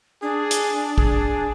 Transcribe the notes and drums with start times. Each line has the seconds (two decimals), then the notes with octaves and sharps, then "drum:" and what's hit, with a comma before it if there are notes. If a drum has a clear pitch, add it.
0.22 D4 G#4
0.51 drum: hi-hat
0.98 G#4, drum: kick A1